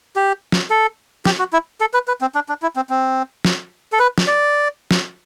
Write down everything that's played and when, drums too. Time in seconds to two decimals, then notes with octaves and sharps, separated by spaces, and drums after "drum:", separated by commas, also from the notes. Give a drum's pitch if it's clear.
0.16 G4
0.52 drum: snare
0.70 A4
1.25 G4, drum: snare
1.39 F#4
1.53 E4
1.81 A4
1.94 B4
2.08 B4
2.21 C4
2.35 D4
2.49 D4
2.62 E4
2.76 C4
2.90 C4
3.45 drum: snare
3.92 A4
3.99 B4
4.18 drum: snare
4.27 D5
4.91 drum: snare